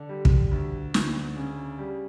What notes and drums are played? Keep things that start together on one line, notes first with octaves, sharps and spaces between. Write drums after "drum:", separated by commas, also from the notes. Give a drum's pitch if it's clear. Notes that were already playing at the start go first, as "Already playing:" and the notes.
Already playing: D3
G3
drum: kick
D2
D2, drum: snare
C#3
G3